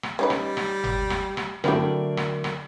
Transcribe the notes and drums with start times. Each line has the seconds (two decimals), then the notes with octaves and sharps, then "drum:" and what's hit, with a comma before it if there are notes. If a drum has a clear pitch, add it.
0.03 drum: rim click
0.19 G3 C#4 D#4 B4
0.30 drum: rim click
0.57 drum: rim click
0.84 drum: tom G1
1.10 drum: rim click
1.37 drum: rim click
1.64 D3 F#3 A3 C4 E4 G4 A#4 D5, drum: rim click
2.17 drum: rim click
2.44 drum: rim click